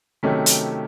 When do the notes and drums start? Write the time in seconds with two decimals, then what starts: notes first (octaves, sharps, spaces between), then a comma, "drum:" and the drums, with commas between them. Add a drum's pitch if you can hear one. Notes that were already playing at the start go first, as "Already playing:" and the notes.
0.23 C3 D#3 F#3 A3 C#4
0.46 drum: hi-hat